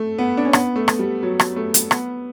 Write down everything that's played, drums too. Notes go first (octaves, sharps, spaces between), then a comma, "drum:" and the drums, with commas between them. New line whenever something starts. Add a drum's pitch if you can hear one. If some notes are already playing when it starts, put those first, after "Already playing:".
Already playing: A3
B3
D4
C#4
B3, drum: rim click
A3
drum: rim click
G3
F#3
drum: rim click
A3
drum: hi-hat
B3, drum: rim click